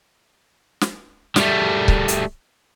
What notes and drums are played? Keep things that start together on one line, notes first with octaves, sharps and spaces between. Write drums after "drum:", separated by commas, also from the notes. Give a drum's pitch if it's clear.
drum: snare
G3 A3, drum: snare
drum: kick C#1
drum: hi-hat